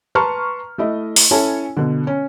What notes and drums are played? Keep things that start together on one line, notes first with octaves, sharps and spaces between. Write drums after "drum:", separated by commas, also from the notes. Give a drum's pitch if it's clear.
B4 A5 A#5 C6 C#6 F6
A3 E4 D#5
drum: open hi-hat
C#4 E4 A4 C#5 G#5 A5
B2 D3
C#4